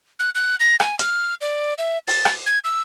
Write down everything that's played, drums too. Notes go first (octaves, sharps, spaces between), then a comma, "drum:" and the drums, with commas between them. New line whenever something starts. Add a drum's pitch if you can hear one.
F#6
F#6
A#6
G#5, drum: rim click
F6, drum: hi-hat
D5
E5
A6, drum: open hi-hat
drum: rim click
G#6
E6